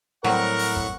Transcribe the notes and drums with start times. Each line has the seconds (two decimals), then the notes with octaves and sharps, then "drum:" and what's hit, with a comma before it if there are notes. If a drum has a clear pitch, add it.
0.24 A2 F#3 G3 C4 A#4 F#5 C#6, drum: snare
0.59 drum: open hi-hat
0.77 drum: kick